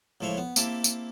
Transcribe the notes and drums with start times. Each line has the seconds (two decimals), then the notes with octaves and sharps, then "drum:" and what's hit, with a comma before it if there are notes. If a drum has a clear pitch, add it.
0.21 C#2 A2 F3 E4 C5 C#5
0.37 B3
0.56 A#3 C4 E4 G4 A5, drum: tambourine
0.84 drum: tambourine